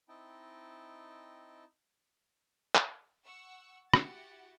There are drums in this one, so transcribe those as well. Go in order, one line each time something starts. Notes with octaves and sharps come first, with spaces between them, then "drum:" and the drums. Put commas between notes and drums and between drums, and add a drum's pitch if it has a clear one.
C4 D#4 E4 D#5 G5 A5
drum: clap
F#5 C#6 E6
E4 F#4 G4 F#5 A6, drum: rim click